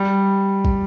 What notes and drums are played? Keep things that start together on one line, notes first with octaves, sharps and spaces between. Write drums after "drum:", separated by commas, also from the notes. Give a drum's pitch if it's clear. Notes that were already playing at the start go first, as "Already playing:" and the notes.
Already playing: G3
drum: kick